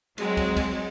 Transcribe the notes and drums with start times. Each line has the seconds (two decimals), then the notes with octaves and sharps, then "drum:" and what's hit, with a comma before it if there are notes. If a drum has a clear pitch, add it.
0.18 F#3 G#3 C4, drum: cymbal
0.37 drum: kick, cymbal
0.56 drum: kick, cymbal